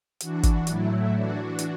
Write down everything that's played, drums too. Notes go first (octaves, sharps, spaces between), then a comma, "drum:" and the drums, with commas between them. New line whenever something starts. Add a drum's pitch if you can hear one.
E3 D4 F#4, drum: hi-hat
drum: kick, hi-hat
A2 F#3 A3 E4, drum: hi-hat
E3 D4 F#4
drum: hi-hat